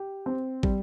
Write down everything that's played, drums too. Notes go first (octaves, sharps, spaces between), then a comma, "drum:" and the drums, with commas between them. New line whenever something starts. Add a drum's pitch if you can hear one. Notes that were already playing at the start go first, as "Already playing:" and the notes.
Already playing: G4
C4
G3, drum: kick